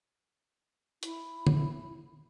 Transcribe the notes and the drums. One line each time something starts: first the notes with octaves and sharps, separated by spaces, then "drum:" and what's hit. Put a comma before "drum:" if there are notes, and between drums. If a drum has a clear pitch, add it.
E4, drum: hi-hat
drum: tom